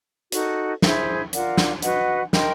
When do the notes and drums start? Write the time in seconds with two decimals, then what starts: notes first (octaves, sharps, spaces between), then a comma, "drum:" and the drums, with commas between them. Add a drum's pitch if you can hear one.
0.32 D#4 F#4 A4, drum: hi-hat
0.82 E4 G#4 C5 E5, drum: snare
1.33 F4 A#4 D5 F#5, drum: hi-hat
1.57 drum: snare
1.82 F#4 B4 D#5 F#5, drum: hi-hat
2.33 A#4 D#5 G5 C6, drum: snare